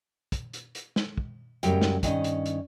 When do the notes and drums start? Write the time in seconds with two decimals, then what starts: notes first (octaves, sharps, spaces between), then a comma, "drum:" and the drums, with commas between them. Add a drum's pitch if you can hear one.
0.32 drum: kick, hi-hat
0.53 drum: hi-hat
0.75 drum: hi-hat
0.96 drum: snare
1.18 drum: kick
1.63 F#2 A2 C#3 F#3 G3 G5, drum: hi-hat
1.82 drum: snare
2.03 G2 D#3 C#4 D#5, drum: kick, hi-hat
2.24 drum: hi-hat
2.46 drum: hi-hat